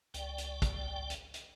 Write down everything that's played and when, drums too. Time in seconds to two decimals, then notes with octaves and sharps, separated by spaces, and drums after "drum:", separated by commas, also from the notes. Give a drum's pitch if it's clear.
0.14 C#2 D5 G5, drum: hi-hat
0.38 drum: hi-hat
0.62 drum: kick, hi-hat
1.10 drum: hi-hat
1.34 drum: hi-hat